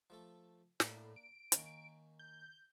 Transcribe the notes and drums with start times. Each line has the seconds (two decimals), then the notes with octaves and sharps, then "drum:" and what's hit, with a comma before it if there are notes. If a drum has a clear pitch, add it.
0.10 F3 A3 A4
0.80 A2 A#3 D4, drum: snare
1.16 D7
1.52 D#3 A#3 C#4, drum: hi-hat
2.19 G6